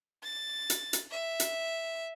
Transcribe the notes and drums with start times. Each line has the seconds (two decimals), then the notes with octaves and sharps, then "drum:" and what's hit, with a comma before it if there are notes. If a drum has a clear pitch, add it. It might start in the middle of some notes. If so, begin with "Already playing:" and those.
0.23 A6
0.70 drum: hi-hat
0.93 drum: hi-hat
1.11 E5
1.40 drum: hi-hat